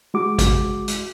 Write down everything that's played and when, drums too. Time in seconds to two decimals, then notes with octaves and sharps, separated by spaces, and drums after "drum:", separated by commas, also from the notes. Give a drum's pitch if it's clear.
0.14 G#3 F#4 D6
0.39 drum: kick G#1, hi-hat
0.88 drum: hi-hat